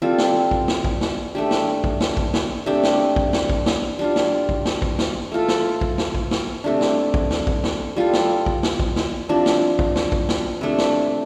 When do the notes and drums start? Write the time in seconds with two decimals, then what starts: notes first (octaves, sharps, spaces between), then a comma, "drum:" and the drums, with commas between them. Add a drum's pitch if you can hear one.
0.02 G3 C4 F4 A4
0.18 drum: snare
0.51 drum: kick
0.68 drum: snare
0.84 drum: kick
1.01 drum: snare
1.35 A3 D4 G4
1.51 drum: snare
1.84 drum: kick
2.00 drum: snare
2.17 drum: kick
2.34 drum: snare
2.66 C3 A3 D4 G4
2.83 drum: snare
3.16 drum: kick
3.33 drum: snare
3.49 drum: kick
3.66 drum: snare
3.99 G3 D4 F4
4.16 drum: snare
4.49 drum: kick
4.65 drum: snare
4.82 drum: kick
4.99 drum: snare
5.32 A3 F4 A4
5.48 drum: snare
5.81 drum: kick
5.98 drum: snare
6.15 drum: kick
6.31 drum: snare
6.64 C3 A3 D4
6.81 drum: snare
7.14 drum: kick
7.30 drum: snare
7.47 drum: kick
7.64 drum: snare
7.96 G3 F4 A4
8.13 drum: snare
8.46 drum: kick
8.63 drum: snare
8.80 drum: kick
8.96 drum: snare
9.29 C3 F3 D4
9.46 drum: snare
9.79 drum: kick
9.95 drum: snare
10.12 drum: kick
10.29 drum: snare
10.61 C3 A3 D4
10.78 drum: snare